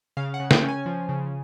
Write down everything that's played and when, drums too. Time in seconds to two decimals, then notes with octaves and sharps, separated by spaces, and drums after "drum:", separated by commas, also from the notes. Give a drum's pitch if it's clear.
0.17 C#3 F5
0.34 F#5
0.40 C#3
0.51 G5, drum: snare
0.63 C#4
0.68 G#5
0.86 F3
1.09 C#3